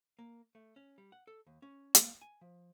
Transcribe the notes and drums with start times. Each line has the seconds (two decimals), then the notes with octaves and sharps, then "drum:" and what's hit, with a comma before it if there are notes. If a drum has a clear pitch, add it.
0.19 A#3
0.55 A3
0.76 C#4
0.98 G3
1.12 F#5
1.27 A4
1.47 D#2
1.62 C#4
1.95 A#3, drum: hi-hat
2.22 G#5
2.41 F3